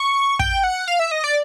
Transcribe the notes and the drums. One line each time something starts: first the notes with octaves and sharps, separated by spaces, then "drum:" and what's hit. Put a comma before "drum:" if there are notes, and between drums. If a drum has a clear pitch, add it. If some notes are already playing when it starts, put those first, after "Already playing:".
Already playing: C#6
G5, drum: kick
F#5
F5
E5
D#5
D5